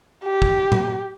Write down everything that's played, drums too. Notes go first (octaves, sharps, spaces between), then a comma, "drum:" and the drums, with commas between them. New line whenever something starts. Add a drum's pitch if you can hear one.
G4
drum: kick
drum: tom A2